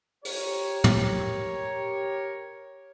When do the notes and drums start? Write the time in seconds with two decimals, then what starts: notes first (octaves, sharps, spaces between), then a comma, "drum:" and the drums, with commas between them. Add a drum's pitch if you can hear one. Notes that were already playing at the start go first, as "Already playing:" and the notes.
0.25 G4 A#4 C#5, drum: open hi-hat
0.84 drum: tom